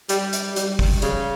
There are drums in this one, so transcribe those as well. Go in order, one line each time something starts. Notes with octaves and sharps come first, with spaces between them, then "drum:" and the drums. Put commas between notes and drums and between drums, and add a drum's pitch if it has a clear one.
G3, drum: hi-hat
drum: hi-hat
G3, drum: hi-hat
drum: kick, open hi-hat
C#3, drum: hi-hat